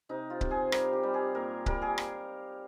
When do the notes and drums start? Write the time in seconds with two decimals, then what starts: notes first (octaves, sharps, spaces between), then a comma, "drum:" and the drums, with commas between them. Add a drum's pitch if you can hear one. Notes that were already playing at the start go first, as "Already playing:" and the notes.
0.09 C3 D#4
0.30 F4
0.41 C3, drum: kick C#1
0.51 G#4
0.72 G3 A#4, drum: rim click
0.93 G4
1.03 G3
1.14 G#4
1.35 A#2 A#4
1.66 G3 A#4, drum: kick C#1
1.82 G#4
1.98 drum: rim click